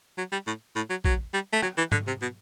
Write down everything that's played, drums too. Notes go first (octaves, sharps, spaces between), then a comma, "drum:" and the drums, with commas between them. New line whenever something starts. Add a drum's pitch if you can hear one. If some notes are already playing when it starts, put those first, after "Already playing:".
F#3
G3
A2
A2
F#3
F#3, drum: kick A#1
G3
A3
F#3, drum: rim click
E3
D3, drum: tom G#2
C3
B2